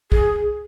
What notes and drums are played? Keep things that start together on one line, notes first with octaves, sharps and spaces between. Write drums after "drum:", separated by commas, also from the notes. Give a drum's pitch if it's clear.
G#4, drum: kick